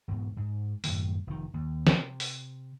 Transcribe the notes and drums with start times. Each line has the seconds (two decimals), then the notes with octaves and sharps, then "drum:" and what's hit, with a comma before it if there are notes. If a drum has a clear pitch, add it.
0.08 E1 G#2 B2
0.37 G#2
0.84 F#2 A2 D#3 G3, drum: open hi-hat
1.27 F1 D#3
1.54 D#2
1.87 C3, drum: snare
2.20 drum: open hi-hat